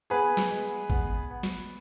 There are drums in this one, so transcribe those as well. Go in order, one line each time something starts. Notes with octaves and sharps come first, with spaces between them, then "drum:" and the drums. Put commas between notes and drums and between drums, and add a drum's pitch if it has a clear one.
B3 G#4 B4
drum: snare
G#3
B3, drum: kick G#1
B3
drum: snare